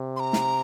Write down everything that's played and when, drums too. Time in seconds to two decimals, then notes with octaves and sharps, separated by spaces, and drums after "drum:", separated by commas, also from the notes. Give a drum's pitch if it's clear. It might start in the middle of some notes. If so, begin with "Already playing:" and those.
Already playing: C3
0.16 C6
0.20 A#5
0.33 drum: snare